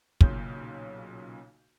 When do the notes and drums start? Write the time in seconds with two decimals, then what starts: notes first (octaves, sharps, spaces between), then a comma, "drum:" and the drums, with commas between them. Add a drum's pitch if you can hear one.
0.21 B1 A#2 C#3 G6, drum: kick